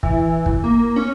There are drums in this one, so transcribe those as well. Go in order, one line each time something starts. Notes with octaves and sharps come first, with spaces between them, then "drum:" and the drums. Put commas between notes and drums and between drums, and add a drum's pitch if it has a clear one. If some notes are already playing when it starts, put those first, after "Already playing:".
E3, drum: kick
drum: kick
A#3
C#4